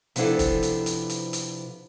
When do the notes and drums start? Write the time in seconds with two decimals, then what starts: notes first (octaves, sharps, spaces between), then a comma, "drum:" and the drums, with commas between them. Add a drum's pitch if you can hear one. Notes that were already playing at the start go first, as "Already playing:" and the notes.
0.16 C3 F3 B3 D4 E4 A4, drum: hi-hat
0.39 drum: kick F1, hi-hat
0.63 drum: hi-hat
0.86 drum: hi-hat
1.10 drum: hi-hat
1.33 drum: hi-hat